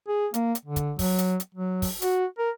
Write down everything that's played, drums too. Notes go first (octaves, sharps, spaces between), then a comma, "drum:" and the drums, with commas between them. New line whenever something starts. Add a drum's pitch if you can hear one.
G#4
A#3, drum: hi-hat
drum: hi-hat
D3
drum: kick, hi-hat
F#3, drum: kick, open hi-hat
drum: hi-hat
drum: hi-hat
F#3
drum: kick, open hi-hat
F#4, drum: hi-hat
A#4